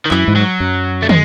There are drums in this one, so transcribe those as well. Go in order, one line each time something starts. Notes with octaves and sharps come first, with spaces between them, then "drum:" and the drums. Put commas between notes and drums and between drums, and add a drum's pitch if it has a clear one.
D#3
F#2 E3, drum: clap
G#2
F#3
F#2
A3
G#3, drum: tom